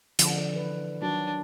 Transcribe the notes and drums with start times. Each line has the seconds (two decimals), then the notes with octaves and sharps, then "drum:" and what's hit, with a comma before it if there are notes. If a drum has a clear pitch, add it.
0.19 D3 F3, drum: hi-hat
0.54 E3 B4
1.01 D#3 F#3 D4 F#4